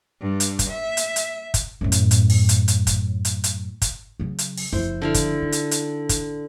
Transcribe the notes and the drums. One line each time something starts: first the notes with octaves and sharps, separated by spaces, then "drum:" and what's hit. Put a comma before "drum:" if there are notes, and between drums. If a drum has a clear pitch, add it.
G2
drum: hi-hat
drum: kick, hi-hat
E5
drum: hi-hat
drum: hi-hat
drum: kick, hi-hat
F#2 A2
drum: hi-hat
drum: hi-hat
drum: open hi-hat
drum: hi-hat
drum: hi-hat
drum: kick, hi-hat
drum: hi-hat
drum: hi-hat
drum: kick, hi-hat
C#3 F#3
drum: hi-hat
drum: open hi-hat
F#1 F3 E4 C5
D3 E4 F5
drum: kick, hi-hat
D#4
drum: hi-hat
drum: hi-hat
drum: kick, hi-hat